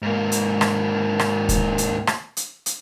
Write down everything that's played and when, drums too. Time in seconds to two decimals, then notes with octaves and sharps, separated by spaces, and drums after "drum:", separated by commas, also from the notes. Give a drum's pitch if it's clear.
0.02 G#2 A#3
0.32 drum: hi-hat
0.61 drum: rim click
1.19 drum: rim click
1.49 drum: kick D#2, hi-hat
1.78 drum: hi-hat
2.07 drum: rim click
2.37 drum: hi-hat
2.66 drum: hi-hat